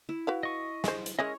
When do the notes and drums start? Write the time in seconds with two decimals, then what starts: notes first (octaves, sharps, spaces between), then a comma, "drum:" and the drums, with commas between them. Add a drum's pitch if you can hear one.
0.09 E4
0.27 F#4 B4 F5
0.43 D#5 C#6
0.84 G#3 C5, drum: snare
1.06 drum: hi-hat
1.19 G#3 C#4 E4 A#4 C#5 D#5